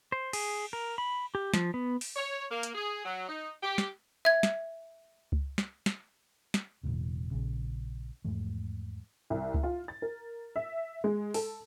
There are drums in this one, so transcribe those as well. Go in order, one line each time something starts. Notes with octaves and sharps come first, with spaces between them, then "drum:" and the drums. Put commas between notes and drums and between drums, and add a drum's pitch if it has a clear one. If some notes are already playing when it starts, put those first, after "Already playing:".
C5
G#4, drum: cymbal
A#4
B5
G4
F3, drum: snare
B3
drum: open hi-hat
C#5
A#3
drum: hi-hat
G#4
F#3
D#4
G4
drum: snare
E5 G#6
drum: snare
drum: kick C#2
drum: snare
drum: snare
drum: snare
E1 A#1 A2 C#3
A#1 C#3
E2 G#2 F3 A3
C2
drum: kick C#2
F4
A6
A#4
E5
G#3
A4, drum: open hi-hat